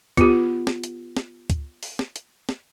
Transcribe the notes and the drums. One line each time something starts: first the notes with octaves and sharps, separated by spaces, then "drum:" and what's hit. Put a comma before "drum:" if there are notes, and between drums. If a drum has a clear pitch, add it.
B3 F4 G4, drum: kick C#2, hi-hat
drum: snare
drum: hi-hat
drum: snare
drum: kick C#2, hi-hat
drum: open hi-hat
drum: snare
drum: hi-hat
drum: snare